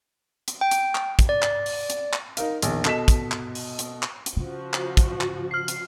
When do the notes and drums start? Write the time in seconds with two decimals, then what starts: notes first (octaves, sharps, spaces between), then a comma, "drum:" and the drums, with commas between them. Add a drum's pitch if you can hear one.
0.48 drum: hi-hat
0.61 G5
0.71 drum: hi-hat
0.95 drum: clap
1.19 drum: kick, hi-hat
1.29 D5
1.42 drum: clap
1.66 drum: open hi-hat
1.90 drum: hi-hat
2.13 drum: clap
2.37 D#4 A#4 F5, drum: hi-hat
2.62 A#1 E2 D#3, drum: hi-hat
2.85 B2 A4 D#5 B6 E7, drum: clap
3.08 drum: kick, hi-hat
3.32 drum: clap
3.55 drum: open hi-hat
3.79 drum: hi-hat
4.03 drum: clap
4.26 drum: hi-hat
4.37 C#3 F3 F#4
4.74 drum: clap
4.97 drum: kick, hi-hat
5.21 drum: clap
5.51 F6 C7
5.68 drum: hi-hat